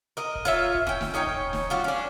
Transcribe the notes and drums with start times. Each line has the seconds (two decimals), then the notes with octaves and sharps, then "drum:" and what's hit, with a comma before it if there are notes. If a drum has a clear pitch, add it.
0.17 A#4 D#5
0.35 drum: kick
0.45 F4 C#5 E5
0.74 drum: kick
0.87 C#4 G5, drum: kick
1.01 drum: snare
1.14 C#4 D#4 C#5 G5
1.27 drum: kick
1.40 drum: kick
1.53 drum: snare
1.70 G3 F4 F#4
1.84 C#4 D4